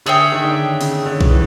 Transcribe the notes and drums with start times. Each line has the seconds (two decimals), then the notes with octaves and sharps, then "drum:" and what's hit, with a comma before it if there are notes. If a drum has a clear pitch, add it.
0.06 D3 G#4 C#5 E5 G5
0.32 D#3
0.44 D3
0.81 C#3, drum: open hi-hat
1.06 D3
1.21 drum: kick A#1
1.30 E3